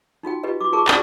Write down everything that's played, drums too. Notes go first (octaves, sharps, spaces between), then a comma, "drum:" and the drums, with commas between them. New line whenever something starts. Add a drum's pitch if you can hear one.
D#4 F4 F#4 G5
F4 G4 B4 D#5
F#4 D6
F4 G#4 A#4 A5 C#6 D6
F#4 D5, drum: clap